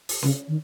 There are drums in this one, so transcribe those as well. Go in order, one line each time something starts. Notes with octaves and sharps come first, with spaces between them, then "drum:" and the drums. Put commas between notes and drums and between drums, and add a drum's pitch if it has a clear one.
drum: open hi-hat
C#3, drum: snare C#4
D#3